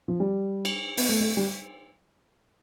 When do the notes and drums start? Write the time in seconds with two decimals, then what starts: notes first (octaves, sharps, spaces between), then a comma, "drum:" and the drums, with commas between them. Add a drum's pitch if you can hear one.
0.08 F3
0.20 G3
0.65 drum: cymbal
0.97 B3, drum: open hi-hat
1.09 A3
1.21 A3
1.37 G3